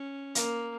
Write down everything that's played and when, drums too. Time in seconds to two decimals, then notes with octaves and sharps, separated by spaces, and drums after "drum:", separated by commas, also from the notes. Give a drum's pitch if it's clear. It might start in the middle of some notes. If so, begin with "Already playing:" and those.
Already playing: C#4
0.35 A#3, drum: hi-hat